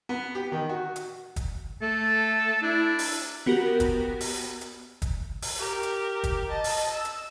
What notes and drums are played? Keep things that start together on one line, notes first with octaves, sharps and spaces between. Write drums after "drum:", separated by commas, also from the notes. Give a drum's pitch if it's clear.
B3
G4
D#3
F#4
drum: hi-hat
drum: kick, hi-hat
A3 A4
D4 E4
drum: open hi-hat
B3 F#4 G4 A#4
drum: kick, hi-hat
drum: open hi-hat
drum: hi-hat
drum: kick, hi-hat
drum: open hi-hat
G4 A#4
drum: hi-hat
drum: kick, hi-hat
D#5 A5
drum: open hi-hat
E6
drum: hi-hat